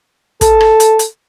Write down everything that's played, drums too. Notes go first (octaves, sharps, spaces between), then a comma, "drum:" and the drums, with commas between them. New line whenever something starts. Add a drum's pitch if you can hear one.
A4, drum: kick, hi-hat
drum: rim click
drum: hi-hat
drum: hi-hat